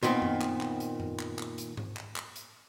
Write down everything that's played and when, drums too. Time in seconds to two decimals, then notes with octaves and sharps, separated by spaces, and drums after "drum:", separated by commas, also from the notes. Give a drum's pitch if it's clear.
0.03 A#2 D#3 B3 C4, drum: hi-hat
0.22 drum: tom F#2
0.41 drum: clap
0.61 drum: clap
0.80 drum: hi-hat
1.00 drum: tom F#2
1.19 drum: clap
1.39 drum: clap
1.58 drum: hi-hat
1.77 drum: tom G#2
1.97 drum: clap
2.16 drum: clap
2.36 drum: hi-hat